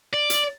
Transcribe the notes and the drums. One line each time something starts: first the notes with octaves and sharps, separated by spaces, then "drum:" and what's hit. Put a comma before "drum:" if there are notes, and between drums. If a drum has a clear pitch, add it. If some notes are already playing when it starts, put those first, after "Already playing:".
D5
drum: hi-hat